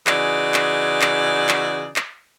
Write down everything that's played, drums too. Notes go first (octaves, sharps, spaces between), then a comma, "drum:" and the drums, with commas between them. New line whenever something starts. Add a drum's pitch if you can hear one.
C#3 E3 D#4 F#4 G#4 D5, drum: clap
drum: clap
drum: clap
drum: clap
drum: clap